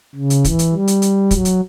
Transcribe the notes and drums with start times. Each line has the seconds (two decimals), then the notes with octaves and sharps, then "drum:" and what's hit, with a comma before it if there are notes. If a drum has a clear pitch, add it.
0.15 C#3
0.30 drum: hi-hat
0.45 E3, drum: kick, hi-hat
0.59 drum: hi-hat
0.73 G3
0.88 drum: hi-hat
1.02 drum: hi-hat
1.31 F#3, drum: kick, hi-hat
1.45 drum: hi-hat